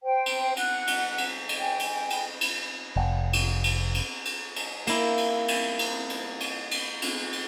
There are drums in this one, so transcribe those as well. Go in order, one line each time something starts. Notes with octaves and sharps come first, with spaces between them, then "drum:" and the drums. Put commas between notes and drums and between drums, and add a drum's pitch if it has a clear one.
C5 G5
drum: cymbal
F#5 F#6, drum: cymbal
drum: cymbal
drum: cymbal
drum: cymbal
G5 G#5
drum: cymbal
drum: cymbal
drum: cymbal
F1
drum: cymbal
drum: cymbal
drum: cymbal
drum: cymbal
drum: cymbal
A#3 E4, drum: cymbal
drum: cymbal
drum: cymbal
drum: cymbal
drum: cymbal
drum: cymbal
drum: cymbal
drum: cymbal
drum: cymbal